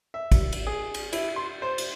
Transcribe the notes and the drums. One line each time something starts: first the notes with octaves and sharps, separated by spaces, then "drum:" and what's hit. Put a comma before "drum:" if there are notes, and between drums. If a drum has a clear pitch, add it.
E5
drum: kick, cymbal
drum: cymbal
G#4
drum: cymbal
E4, drum: cymbal
C6
C5
drum: cymbal